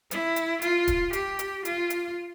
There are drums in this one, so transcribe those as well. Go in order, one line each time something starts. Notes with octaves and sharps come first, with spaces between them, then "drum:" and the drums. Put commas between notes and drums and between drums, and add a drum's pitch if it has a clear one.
E4, drum: hi-hat
drum: hi-hat
F4, drum: hi-hat
drum: kick, hi-hat
G4, drum: hi-hat
drum: hi-hat
F4, drum: hi-hat
drum: hi-hat